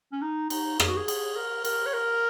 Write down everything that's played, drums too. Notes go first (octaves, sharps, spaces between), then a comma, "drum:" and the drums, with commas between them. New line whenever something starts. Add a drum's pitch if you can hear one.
C#4
D#4
D#4, drum: cymbal
G#4, drum: rim click
F#4
G#4
G#4, drum: cymbal
A#4
A#4, drum: cymbal
C#5
A#4